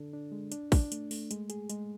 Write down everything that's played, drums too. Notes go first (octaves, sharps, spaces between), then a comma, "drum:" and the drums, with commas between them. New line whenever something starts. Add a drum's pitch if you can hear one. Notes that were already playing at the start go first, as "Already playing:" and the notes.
Already playing: D3 D4 A4
D4
G#3
D4, drum: hi-hat
D4, drum: kick, open hi-hat
A3, drum: hi-hat
A3, drum: open hi-hat
G#3, drum: hi-hat
G#4, drum: hi-hat
G#3, drum: hi-hat